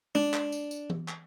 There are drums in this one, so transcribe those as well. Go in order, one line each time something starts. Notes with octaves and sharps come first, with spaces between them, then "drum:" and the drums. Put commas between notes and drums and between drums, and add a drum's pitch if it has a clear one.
D4, drum: tom G#3
drum: clap
drum: tambourine
drum: tambourine
drum: tom E3
drum: clap